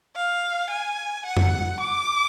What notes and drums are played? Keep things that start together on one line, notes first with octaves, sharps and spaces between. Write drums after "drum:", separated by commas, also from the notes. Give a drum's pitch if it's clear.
F5
G#5
F#5
drum: tom F2
D6